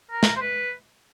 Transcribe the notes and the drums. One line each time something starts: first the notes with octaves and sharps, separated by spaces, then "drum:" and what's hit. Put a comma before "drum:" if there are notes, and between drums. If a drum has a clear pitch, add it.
A#4
drum: snare
C5
B4